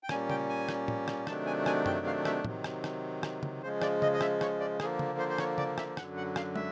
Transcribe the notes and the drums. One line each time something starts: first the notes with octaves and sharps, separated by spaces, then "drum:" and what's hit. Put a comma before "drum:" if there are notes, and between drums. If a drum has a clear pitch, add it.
G5
A#2 G3 A#3 C#4 G#5, drum: rim click
G5, drum: tom C#3
G#5
drum: rim click
drum: tom A2
drum: rim click
C3 D#3 F#3 A3 D4 A5, drum: rim click
G#5
G#5, drum: rim click
G5, drum: tom F#2
F5
E5, drum: rim click
C3 D#3 F#3, drum: tom A2
drum: rim click
drum: rim click
drum: rim click
drum: tom C#3
C#3 F3 G#3 C5
D5, drum: rim click
D#5, drum: tom C#3
D#5
E5, drum: rim click
C#5, drum: rim click
D5
D3 F3 A#3 G#4, drum: rim click
drum: tom C#3
C5
C5
C#5, drum: rim click
D5, drum: tom C#3
E5, drum: rim click
F#2 D3 F#3 F#5, drum: rim click
F#5
F5, drum: rim click
E5, drum: tom